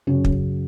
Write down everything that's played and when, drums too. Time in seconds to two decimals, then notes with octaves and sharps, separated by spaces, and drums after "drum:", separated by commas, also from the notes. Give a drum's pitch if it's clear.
0.07 F#2 C#3 F#3 C#4
0.25 drum: kick